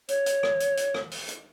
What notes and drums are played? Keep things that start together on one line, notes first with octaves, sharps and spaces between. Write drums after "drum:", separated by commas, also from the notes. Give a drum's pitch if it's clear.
C#5, drum: hi-hat
drum: hi-hat
drum: rim click
drum: hi-hat
drum: hi-hat
drum: rim click
drum: open hi-hat
drum: hi-hat